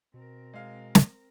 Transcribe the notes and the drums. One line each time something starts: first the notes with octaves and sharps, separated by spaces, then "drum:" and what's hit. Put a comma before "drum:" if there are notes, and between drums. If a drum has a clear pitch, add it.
B2 C4 A#4
G#3 F5
drum: snare